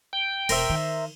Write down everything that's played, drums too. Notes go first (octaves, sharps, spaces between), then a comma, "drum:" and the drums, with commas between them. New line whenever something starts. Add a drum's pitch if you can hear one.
G5
E1 A#4 C5 E5, drum: cymbal
D#3